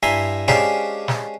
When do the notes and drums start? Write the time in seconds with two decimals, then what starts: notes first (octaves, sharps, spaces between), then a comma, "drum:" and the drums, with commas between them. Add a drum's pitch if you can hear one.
0.03 G2 E4 G#5 A#5 C6
0.48 G#3 C#4 D4 G4 C5 F5, drum: snare
1.08 drum: snare